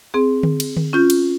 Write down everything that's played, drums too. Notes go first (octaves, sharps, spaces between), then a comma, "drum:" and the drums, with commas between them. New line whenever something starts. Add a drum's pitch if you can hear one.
C4 G#4
drum: tom D3
drum: cymbal
drum: tom D3
C#4 F4 G6
drum: cymbal